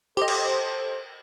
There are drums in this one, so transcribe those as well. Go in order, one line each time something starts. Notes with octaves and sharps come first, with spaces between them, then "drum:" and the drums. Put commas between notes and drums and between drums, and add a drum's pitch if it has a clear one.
G4 A4 C5 D#5
drum: cymbal